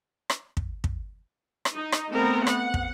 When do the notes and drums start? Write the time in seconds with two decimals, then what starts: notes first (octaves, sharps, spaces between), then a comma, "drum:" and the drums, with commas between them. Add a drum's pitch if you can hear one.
0.30 drum: rim click
0.57 drum: kick
0.84 drum: kick
1.65 drum: rim click
1.74 D#4
1.92 drum: rim click
2.11 A3 B3 C4 A#4
2.47 F#5, drum: rim click
2.74 drum: kick